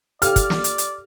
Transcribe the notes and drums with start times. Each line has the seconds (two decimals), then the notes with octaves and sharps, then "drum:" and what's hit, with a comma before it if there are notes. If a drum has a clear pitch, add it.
0.22 G4 A4 D5 F5 G5 F6, drum: hi-hat
0.36 drum: kick, hi-hat
0.50 drum: snare
0.64 drum: hi-hat
0.78 drum: hi-hat